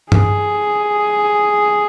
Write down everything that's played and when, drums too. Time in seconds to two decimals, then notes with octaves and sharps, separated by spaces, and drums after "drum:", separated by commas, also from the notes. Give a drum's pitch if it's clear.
0.12 G#4, drum: tom G2